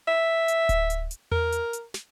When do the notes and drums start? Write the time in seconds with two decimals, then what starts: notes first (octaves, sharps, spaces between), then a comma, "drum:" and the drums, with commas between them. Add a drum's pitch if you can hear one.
0.08 E5
0.48 drum: hi-hat
0.69 drum: kick D1, hi-hat
0.90 drum: hi-hat
1.11 drum: hi-hat
1.32 A#4, drum: tom E2
1.52 drum: hi-hat
1.73 drum: hi-hat
1.94 drum: snare